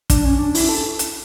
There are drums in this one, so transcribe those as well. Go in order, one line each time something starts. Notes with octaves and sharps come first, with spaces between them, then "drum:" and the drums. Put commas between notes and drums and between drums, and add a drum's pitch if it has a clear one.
D4, drum: kick, hi-hat
C#4
D4
E4, drum: open hi-hat
A4
drum: hi-hat